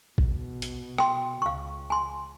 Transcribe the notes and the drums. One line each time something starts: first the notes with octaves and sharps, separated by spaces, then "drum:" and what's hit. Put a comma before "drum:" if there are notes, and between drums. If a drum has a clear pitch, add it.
B2, drum: kick
drum: hi-hat
G5 C6, drum: rim click
C#2 F5 C#6
G#5 C6